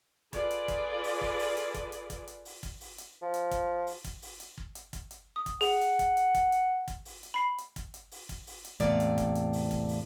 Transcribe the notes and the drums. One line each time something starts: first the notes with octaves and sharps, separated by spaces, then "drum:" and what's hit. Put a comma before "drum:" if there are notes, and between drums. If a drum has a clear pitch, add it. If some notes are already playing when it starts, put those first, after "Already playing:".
F4 G#4 A4 B4 D5, drum: kick, hi-hat
drum: hi-hat
drum: kick, hi-hat
drum: open hi-hat
drum: kick
drum: open hi-hat
drum: hi-hat
drum: kick, hi-hat
drum: hi-hat
drum: kick, hi-hat
drum: hi-hat
drum: open hi-hat
drum: kick, hi-hat
drum: open hi-hat
drum: hi-hat
F3
drum: hi-hat
drum: kick, hi-hat
drum: open hi-hat
drum: kick, hi-hat
drum: open hi-hat
drum: hi-hat
drum: kick
drum: hi-hat
drum: kick, hi-hat
drum: hi-hat
D#6
drum: kick, hi-hat
G#4 F#5, drum: open hi-hat
drum: hi-hat
drum: kick, hi-hat
drum: hi-hat
drum: kick, hi-hat
drum: hi-hat
drum: kick, hi-hat
drum: open hi-hat
drum: hi-hat
B5 C7
drum: hi-hat
drum: kick, hi-hat
drum: hi-hat
drum: open hi-hat
drum: kick, hi-hat
drum: open hi-hat
drum: hi-hat
E2 A2 C3 A#3 D5, drum: kick, hi-hat
drum: hi-hat
drum: kick, hi-hat
drum: hi-hat
drum: open hi-hat
drum: kick, hi-hat
drum: open hi-hat